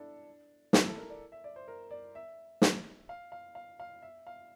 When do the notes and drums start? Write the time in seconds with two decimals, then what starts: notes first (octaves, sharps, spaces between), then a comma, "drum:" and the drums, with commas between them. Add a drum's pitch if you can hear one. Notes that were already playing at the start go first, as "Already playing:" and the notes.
Already playing: D4 E4 A4
0.73 E4, drum: snare
0.86 A4
0.98 A#4
1.10 D5
1.32 E5
1.44 D5
1.56 C5
1.68 A#4
1.91 D5
2.15 E5
2.62 drum: snare
3.09 F5
3.32 F5
3.55 F5
3.80 F5
4.02 E5
4.27 F5